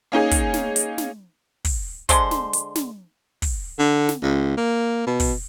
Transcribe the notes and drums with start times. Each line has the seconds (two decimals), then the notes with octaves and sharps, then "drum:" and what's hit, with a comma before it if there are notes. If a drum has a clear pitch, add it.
0.12 A#3 C#4 D#4 G#4
0.31 drum: kick, hi-hat
0.54 drum: snare
0.76 drum: hi-hat
0.98 drum: snare
1.65 drum: kick, open hi-hat
2.09 D3 G#3 C5, drum: kick, hi-hat
2.31 drum: snare
2.53 drum: hi-hat
2.75 drum: snare
3.42 drum: kick, open hi-hat
3.79 D3
4.09 drum: snare
4.23 C#2
4.57 A#3
5.07 B2
5.20 drum: kick, open hi-hat